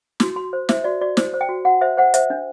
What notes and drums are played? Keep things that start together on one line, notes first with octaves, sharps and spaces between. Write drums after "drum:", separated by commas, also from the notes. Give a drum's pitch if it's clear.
F#4 C6, drum: snare
F#4 C6
C5
C5 E5, drum: snare
F#4 D5
F#4 D5
C5, drum: snare
C5
G5
F#4
F#4 F#5
C5 E5
C5 F#5
C5 E5, drum: hi-hat
D4